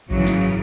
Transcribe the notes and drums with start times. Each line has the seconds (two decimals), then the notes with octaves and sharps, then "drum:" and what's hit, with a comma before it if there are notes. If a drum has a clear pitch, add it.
0.10 G#1 F#2 C#3 E3 F#3, drum: kick A#1
0.27 drum: snare